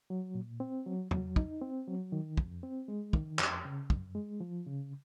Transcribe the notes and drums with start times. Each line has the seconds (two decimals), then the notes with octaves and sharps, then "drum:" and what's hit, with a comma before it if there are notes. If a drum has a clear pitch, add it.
0.10 F#3
0.35 A#2
0.60 C4
0.86 F#3
1.11 F#3, drum: tom E2
1.36 D#4, drum: kick
1.62 C4
1.88 F#3
2.12 D#3
2.37 F2, drum: kick
2.63 C4
2.88 G#3
3.13 D#3, drum: kick
3.39 F2, drum: clap
3.65 C#3
3.90 F#2, drum: kick
4.15 G#3
4.41 F3
4.66 C#3